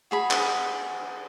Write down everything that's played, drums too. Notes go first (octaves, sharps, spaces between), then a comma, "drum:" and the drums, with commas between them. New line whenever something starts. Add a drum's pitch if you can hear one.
F#4 G#4 B5
drum: clap